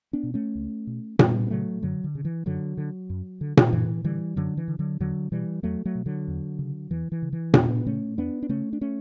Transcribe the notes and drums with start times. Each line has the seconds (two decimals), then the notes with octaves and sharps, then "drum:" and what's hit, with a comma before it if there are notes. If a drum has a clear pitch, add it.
0.13 B3 D4
0.23 B2
0.34 A3 C#4
0.55 C#2
0.87 B2
1.19 F#2 G3 B3, drum: tom A#2
1.47 B3
1.50 C#3 F#3 A3
1.82 F#2 D3 F#3
2.04 D3
2.15 C#3
2.25 E3
2.46 F#2 D3 F#3
2.77 D3
3.10 F#2
3.41 D3
3.57 drum: tom A#2
3.73 F#2 E3
4.04 D3 E3 G3
4.36 F#2 D3 F#3
4.57 E3
4.68 D3
4.79 D3 F#3
5.00 E2 D3 F#3
5.32 B2 E3 G3
5.63 E2 F#3 A3
5.85 F#3 A3
5.95 B2
6.06 D3 F#3
6.28 E2
6.59 C#3
6.91 E2 E3
7.12 E3
7.22 C#3
7.33 E3
7.54 E2 B3 D4, drum: tom A#2
7.86 C#3 A3 C#4
8.17 E2 B3 D4
8.43 D4
8.49 C#3 A3 C#4
8.73 D4
8.81 A3 C#4